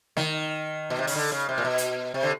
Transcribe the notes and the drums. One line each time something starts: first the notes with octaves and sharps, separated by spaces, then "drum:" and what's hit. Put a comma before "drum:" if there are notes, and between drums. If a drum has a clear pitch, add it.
D#3, drum: snare
B2
C3
C#3, drum: open hi-hat
D3
C#3
C3
A#2
B2
drum: hi-hat
C3
D3